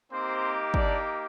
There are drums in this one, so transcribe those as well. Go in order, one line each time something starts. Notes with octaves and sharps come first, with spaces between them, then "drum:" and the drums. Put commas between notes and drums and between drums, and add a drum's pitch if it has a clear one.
A#3 C4 D#4 G4 C5
D4 D5, drum: kick